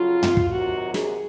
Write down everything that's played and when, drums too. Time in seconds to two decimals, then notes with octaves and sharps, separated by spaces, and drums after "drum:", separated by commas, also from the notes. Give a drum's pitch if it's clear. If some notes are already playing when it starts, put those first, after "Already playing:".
Already playing: F2 C#3 F#3 F4
0.23 drum: tom
0.37 drum: kick
0.51 C3 D#3 F#3 F#4
0.94 G#4, drum: snare